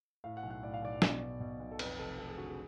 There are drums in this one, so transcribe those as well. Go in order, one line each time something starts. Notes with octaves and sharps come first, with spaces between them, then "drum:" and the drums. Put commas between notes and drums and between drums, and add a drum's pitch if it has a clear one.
A2 F5
F#5
B1
F#5
A2 D5
F5
B1 D5
B2, drum: snare
B1
B2
B1
A4
F2 B4, drum: cymbal
F1 A4
F1 A4
G#4
D3 F#4
G#4